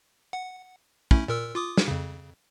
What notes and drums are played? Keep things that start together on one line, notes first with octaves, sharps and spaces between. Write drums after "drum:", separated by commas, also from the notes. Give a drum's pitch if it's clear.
F#5
A3 C#4 E4, drum: kick
A#2 A#4 E6
F4 D6 D#6
drum: snare
F2 C#3